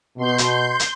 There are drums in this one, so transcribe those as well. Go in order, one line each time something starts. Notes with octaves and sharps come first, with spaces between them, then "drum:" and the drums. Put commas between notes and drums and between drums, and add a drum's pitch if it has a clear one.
B2 C6 G6
drum: hi-hat
drum: hi-hat